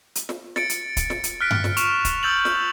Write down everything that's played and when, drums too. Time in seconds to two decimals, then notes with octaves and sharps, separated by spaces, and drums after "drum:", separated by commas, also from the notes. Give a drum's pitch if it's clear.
0.15 drum: hi-hat
0.29 drum: snare
0.56 A6 C#7 D7, drum: snare
0.70 drum: hi-hat
0.97 drum: kick, hi-hat
1.10 drum: snare
1.24 drum: hi-hat
1.41 F6 F#6 B6 D7
1.51 drum: tom G2
1.64 drum: snare
1.77 C#6 E7 F7, drum: hi-hat
2.05 drum: kick, hi-hat
2.23 E6 G6 A6 F7 F#7
2.45 drum: snare